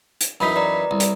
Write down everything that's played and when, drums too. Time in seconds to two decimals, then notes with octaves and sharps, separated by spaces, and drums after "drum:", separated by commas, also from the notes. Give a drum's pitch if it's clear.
0.21 drum: hi-hat
0.40 F#2 E3 D#4 B5 B6
0.56 B4 D5 A#5
0.91 C2
1.00 drum: hi-hat